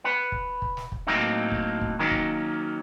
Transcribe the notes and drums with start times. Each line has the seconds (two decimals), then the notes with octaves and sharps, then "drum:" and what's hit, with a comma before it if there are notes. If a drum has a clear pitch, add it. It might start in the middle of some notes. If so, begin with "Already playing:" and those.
0.04 B4 F#5
0.32 drum: kick
0.62 drum: kick
0.77 drum: snare
0.92 drum: kick
1.07 A2 F#3 A#3 C4 D#4
1.52 drum: kick
1.81 drum: kick
1.99 D#3 F#3 A#3 C#4
2.11 drum: kick